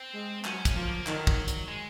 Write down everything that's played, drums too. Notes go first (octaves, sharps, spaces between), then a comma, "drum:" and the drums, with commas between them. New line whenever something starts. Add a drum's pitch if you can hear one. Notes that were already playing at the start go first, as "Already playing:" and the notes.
Already playing: C4
G#3
F#3 C#4, drum: clap
drum: kick, hi-hat
F3 A#3
D#3 F#3, drum: clap
drum: kick
drum: hi-hat
G#3